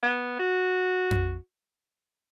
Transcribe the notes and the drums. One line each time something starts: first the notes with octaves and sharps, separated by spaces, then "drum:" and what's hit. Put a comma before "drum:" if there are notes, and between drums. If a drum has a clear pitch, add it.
B3
F#4
drum: tom F2